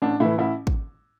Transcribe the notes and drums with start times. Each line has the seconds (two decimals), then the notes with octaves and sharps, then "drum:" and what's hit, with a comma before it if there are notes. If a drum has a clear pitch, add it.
0.02 A1 D4
0.20 A2 E3 E4
0.38 A1 E4
0.67 drum: kick